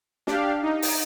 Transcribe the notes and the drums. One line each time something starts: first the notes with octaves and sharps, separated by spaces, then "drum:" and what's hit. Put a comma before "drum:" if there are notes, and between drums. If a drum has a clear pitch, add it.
D4 G4 F5, drum: snare
D#4
drum: open hi-hat